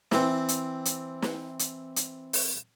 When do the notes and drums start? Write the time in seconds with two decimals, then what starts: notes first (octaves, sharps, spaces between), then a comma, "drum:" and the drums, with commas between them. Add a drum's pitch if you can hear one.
0.12 E3 C4, drum: snare
0.48 drum: hi-hat
0.85 drum: hi-hat
1.22 drum: snare
1.59 drum: hi-hat
1.96 drum: hi-hat
2.33 drum: open hi-hat